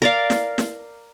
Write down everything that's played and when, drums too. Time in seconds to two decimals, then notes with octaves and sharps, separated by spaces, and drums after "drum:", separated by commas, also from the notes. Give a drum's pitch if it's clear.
0.02 A#4 D5 F5
0.30 drum: snare
0.58 drum: snare